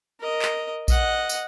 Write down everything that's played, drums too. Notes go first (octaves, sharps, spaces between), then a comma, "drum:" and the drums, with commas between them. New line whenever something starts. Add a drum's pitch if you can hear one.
A#4 D#5
drum: clap
D#5 F#5, drum: kick A#1, tambourine
drum: tambourine